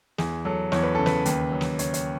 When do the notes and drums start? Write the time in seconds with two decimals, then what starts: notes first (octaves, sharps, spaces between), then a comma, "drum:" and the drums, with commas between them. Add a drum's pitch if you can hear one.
0.18 E2 G#4, drum: snare
0.45 F#3 A4
0.72 E2 C#5, drum: snare
0.83 B4
0.95 C#3 A4
1.06 B4, drum: snare
1.25 D#2, drum: hi-hat
1.52 F#3
1.61 drum: snare
1.79 C#3 C#5, drum: hi-hat
1.94 C#5, drum: hi-hat